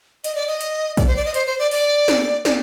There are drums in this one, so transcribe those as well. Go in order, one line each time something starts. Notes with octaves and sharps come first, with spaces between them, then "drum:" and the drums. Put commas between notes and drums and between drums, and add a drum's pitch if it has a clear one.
D#5, drum: hi-hat
D5
D#5
drum: hi-hat
D5, drum: kick A#1, hi-hat
C5
D5
D#5
C5, drum: hi-hat
C5
D5
D5, drum: open hi-hat
drum: snare
D5, drum: snare